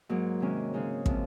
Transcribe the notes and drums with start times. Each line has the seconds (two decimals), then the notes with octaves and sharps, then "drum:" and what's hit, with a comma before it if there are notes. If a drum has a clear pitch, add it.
0.09 G#2 F#3 A#3
0.40 C3 D#3 G#3 C#4
0.74 C#3 G#3 D#4
1.06 C3 F3 G#3, drum: kick